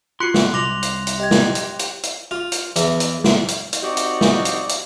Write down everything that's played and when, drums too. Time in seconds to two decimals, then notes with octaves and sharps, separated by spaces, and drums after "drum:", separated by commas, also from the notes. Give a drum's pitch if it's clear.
0.20 F4 F#4 C6 F#6 C#7
0.34 drum: snare
0.54 C2 C6 D6 A#6 F7
0.83 drum: hi-hat
1.07 drum: hi-hat
1.20 G4 D#5 G#6
1.31 drum: snare
1.55 drum: hi-hat
1.79 drum: hi-hat
2.03 drum: hi-hat
2.31 F4
2.52 drum: hi-hat
2.76 E2, drum: hi-hat
3.00 drum: hi-hat
3.24 drum: snare
3.48 drum: hi-hat
3.73 drum: hi-hat
3.82 C4 D#4 F#4 G4 D5
3.97 drum: hi-hat
4.21 drum: snare
4.45 drum: hi-hat
4.69 drum: hi-hat